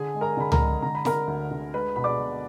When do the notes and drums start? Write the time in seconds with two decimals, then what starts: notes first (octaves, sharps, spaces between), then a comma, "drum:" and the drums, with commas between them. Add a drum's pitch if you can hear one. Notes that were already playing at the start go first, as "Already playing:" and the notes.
Already playing: D3 G#4 G#5
0.14 G#3
0.21 A#4 A#5
0.37 D3 B5
0.52 A#4 A#5, drum: tom C#2
0.59 G#3
0.82 D3 A#5
0.95 B5
1.05 D3 A#4 A#5, drum: snare
1.27 D2
1.51 D3
1.73 G#3 B4 B5
1.96 B2 B5
2.04 D5 D6
2.19 B2